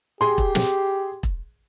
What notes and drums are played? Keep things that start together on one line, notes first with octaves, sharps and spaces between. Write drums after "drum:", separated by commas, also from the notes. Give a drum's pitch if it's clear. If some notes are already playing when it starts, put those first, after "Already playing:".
G4 G#4 C6
drum: kick E1
drum: snare
drum: kick E1